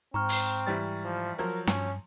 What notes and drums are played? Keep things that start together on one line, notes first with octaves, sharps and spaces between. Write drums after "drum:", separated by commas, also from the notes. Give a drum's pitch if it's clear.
G#2 C4 A#5 C#6 F6
drum: open hi-hat
E3 G3 A6
F3
F3 F#3 A#4
G2 C#4, drum: snare